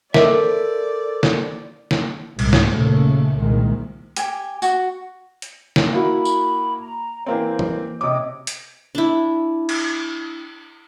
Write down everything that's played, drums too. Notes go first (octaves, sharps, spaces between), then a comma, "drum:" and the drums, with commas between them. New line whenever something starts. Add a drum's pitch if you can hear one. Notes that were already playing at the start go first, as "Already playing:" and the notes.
A4 A#4 C5 D5 E5 D6, drum: snare
drum: snare
drum: snare
C2 G#2, drum: cymbal
drum: snare
D#2 A#2 C#3 A3
C2 A#2 D#3 G#3
G4 G#5, drum: hi-hat
F#4, drum: tambourine
drum: hi-hat
drum: snare
A#3 E4 F#4 B5
drum: tambourine
A#5
E3 A#3 C4 C5
drum: tom E3
C3 C#5 D#5 D6 D#6
drum: hi-hat
D4 E4
drum: cymbal